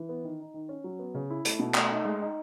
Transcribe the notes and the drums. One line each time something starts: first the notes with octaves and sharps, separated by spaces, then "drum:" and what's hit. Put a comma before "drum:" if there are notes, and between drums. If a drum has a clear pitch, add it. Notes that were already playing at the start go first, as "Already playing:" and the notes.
Already playing: E3
B3
D#3
D#4
D#3
C#4
F#3
B3
C#3
E4
A3, drum: hi-hat
B2
A3, drum: clap
D#4
G#3
D#4